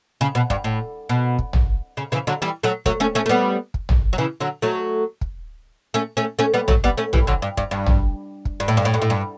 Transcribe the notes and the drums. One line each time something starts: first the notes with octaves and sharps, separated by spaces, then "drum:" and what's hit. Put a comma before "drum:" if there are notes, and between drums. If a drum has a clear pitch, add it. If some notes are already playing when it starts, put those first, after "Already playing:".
C#3
B2
G2, drum: kick
A2
B2
drum: kick
drum: tom
C#3
C#3 E3
D3 F#3
E3 G3
F#3 A3
F#3 A3, drum: kick
A3 C#4
A3 C#4
A3
G3 B3
drum: kick
drum: tom
F#3
C#3 E3
D3 F#3
F#3 A3
drum: kick
A3 C#4
A3 C#4
A3 C#4
G3 B3
F#3 A3, drum: tom
G3 B3
A3 C#4
E3 G3, drum: tom
D3 F#3
G2
G2, drum: kick
G2
drum: tom
drum: kick
G2
A2
G2
A2
G2
A2
G2